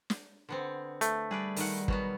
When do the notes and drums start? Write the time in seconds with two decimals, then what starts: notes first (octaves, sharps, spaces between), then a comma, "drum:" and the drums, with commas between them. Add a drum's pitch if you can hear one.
0.10 drum: snare
0.49 D3 B3 C4
1.01 A3, drum: hi-hat
1.31 G3 G#4 B4 D5
1.56 D#3 D#4 F#5, drum: open hi-hat
1.88 B2 F#3 B3, drum: kick